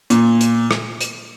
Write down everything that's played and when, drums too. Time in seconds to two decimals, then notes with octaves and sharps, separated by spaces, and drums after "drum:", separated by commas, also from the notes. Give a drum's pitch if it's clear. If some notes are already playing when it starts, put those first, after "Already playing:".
0.10 A#2, drum: hi-hat
0.41 drum: hi-hat
0.71 drum: rim click
1.01 drum: hi-hat